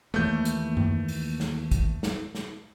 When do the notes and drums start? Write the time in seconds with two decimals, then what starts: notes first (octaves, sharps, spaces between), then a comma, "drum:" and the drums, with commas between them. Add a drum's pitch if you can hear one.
0.14 D#2 E3 A3 A#3 G6
0.45 drum: hi-hat
0.77 drum: tom F#2
1.08 drum: open hi-hat
1.40 drum: snare
1.71 drum: kick, hi-hat
2.03 drum: snare
2.35 drum: snare